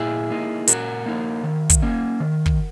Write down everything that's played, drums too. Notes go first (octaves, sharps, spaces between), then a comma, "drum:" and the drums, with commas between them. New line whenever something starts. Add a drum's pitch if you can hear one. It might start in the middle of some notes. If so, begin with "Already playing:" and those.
Already playing: A#2 E4 G#4
A#3 D#4
A#2 F#4 A#4, drum: hi-hat
A#3 D#4
D#3
drum: kick, hi-hat
A#3 C#4
D#3
drum: kick